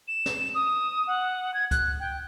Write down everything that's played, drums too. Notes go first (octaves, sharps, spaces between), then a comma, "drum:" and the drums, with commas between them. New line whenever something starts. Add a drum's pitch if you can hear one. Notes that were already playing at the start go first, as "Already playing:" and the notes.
E7
drum: snare
D#6
F#5
G#6
F#6, drum: kick C#2, hi-hat
G5